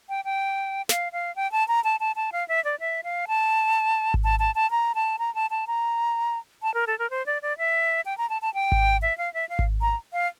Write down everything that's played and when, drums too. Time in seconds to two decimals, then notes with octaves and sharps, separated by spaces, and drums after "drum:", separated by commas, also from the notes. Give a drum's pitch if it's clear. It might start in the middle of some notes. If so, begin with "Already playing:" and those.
0.09 G5
0.25 G5
0.89 F5, drum: snare
1.12 F5
1.36 G5
1.52 A5
1.68 A#5
1.84 A5
2.00 A5
2.16 A5
2.32 F5
2.48 E5
2.64 D5
2.79 E5
3.04 F5
3.28 A5
4.14 drum: kick G#1
4.24 A5
4.39 A5
4.55 A5
4.71 A#5
4.95 A5
5.19 A#5
5.35 A5
5.50 A5
5.67 A#5
6.62 A5
6.74 A#4
6.87 A4
6.99 A#4
7.10 C5
7.26 D5
7.42 D5
7.58 E5
8.05 G5
8.18 A#5
8.29 A5
8.42 A5
8.54 G5
8.72 drum: kick G#1
9.02 E5
9.18 F5
9.34 E5
9.49 F5
9.59 drum: kick G#1
9.81 A#5
10.13 F5